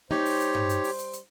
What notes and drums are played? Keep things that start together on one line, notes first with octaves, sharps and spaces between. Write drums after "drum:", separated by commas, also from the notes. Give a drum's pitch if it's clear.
G3 D#4 G4 C5 C#5, drum: snare A#3
drum: open hi-hat
drum: hi-hat
drum: tom G2
drum: hi-hat
drum: open hi-hat
drum: hi-hat
drum: hi-hat